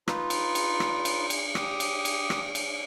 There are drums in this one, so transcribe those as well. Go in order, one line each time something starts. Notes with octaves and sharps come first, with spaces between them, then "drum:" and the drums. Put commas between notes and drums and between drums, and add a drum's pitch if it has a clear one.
D#4 F4 B4, drum: rim click
drum: cymbal
drum: cymbal
drum: rim click
drum: cymbal
drum: cymbal
G4 D#6, drum: rim click
drum: cymbal
drum: cymbal
drum: rim click
drum: cymbal